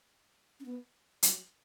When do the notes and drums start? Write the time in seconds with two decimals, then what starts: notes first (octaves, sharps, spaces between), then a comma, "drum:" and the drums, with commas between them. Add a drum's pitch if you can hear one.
0.60 C#4
0.65 B3
1.23 F#3, drum: hi-hat